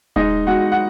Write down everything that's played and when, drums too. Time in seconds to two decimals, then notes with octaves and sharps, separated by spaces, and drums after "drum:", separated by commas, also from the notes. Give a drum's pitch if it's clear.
0.16 G#3 D#4 D#5, drum: kick D#1
0.47 G#3 F#4 F#5
0.72 F#5